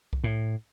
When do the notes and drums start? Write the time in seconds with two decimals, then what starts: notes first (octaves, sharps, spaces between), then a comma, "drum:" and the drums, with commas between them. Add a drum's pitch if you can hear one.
0.13 drum: kick C2
0.24 A2